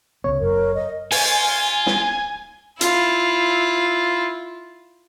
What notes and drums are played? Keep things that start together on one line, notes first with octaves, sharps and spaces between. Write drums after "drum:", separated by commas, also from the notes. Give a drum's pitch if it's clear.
C#2 C#3 B3 C#5
F#1 F#2 A#4
D#5
F4 G#5, drum: open hi-hat
drum: snare
E4 F4, drum: hi-hat